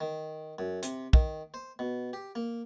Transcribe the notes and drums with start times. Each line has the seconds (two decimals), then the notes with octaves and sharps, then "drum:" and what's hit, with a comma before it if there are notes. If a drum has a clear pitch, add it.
0.01 D#3
0.59 F#2
0.83 C3, drum: hi-hat
1.13 D#3, drum: kick
1.54 C5
1.79 B2
2.13 G4
2.35 A#3